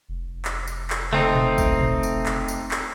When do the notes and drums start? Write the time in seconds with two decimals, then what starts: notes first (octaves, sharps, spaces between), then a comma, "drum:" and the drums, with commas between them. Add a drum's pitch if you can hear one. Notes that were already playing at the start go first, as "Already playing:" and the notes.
0.09 F1
0.45 drum: clap
0.67 drum: tambourine
0.90 drum: clap
1.13 A3 C4 D#4, drum: tom
1.35 drum: tom A#2
1.58 drum: kick, tambourine
1.81 drum: tom A#2
2.03 drum: tambourine
2.26 drum: clap
2.48 drum: tambourine
2.71 drum: clap